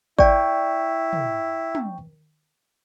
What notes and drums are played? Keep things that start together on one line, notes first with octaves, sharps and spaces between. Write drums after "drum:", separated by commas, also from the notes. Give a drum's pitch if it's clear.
E4 D5 G5 C#6, drum: kick G#1
drum: tom
drum: tom